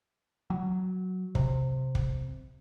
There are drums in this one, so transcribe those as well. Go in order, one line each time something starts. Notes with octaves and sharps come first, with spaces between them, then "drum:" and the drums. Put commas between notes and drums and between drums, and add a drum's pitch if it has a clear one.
F#3
C3, drum: kick
drum: kick